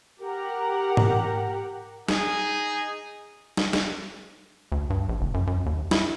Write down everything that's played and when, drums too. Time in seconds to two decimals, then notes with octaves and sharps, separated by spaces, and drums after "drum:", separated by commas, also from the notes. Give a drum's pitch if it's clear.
0.22 G4 A#4 F#5
0.97 drum: tom G#2
2.08 D#4 G#4, drum: snare
3.57 drum: snare
3.73 drum: snare
4.72 D2
4.90 G2
5.09 A#1
5.21 F#1
5.34 F#2
5.47 F#2
5.66 D#2
5.91 E4, drum: snare